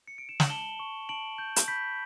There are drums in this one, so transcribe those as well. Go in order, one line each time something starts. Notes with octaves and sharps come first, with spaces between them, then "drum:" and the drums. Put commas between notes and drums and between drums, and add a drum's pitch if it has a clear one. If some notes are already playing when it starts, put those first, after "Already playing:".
C#7
D7
E7
F#7, drum: snare
A5 E7 G7
C#6
A5 D7 F#7
G6
drum: hi-hat
B5 G6 B6